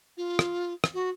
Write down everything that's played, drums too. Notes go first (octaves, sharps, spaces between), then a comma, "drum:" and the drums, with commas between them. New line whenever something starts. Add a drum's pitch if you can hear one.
F4
drum: rim click
drum: rim click
F#4